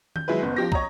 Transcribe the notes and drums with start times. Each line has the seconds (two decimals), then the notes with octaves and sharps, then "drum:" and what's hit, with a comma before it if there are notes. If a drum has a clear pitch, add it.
0.16 G6, drum: tom D#3
0.28 F#3 G#3 E4 B4
0.42 F#1 B3
0.57 F3 G4 A#6
0.72 C#5 D#5 A#5, drum: kick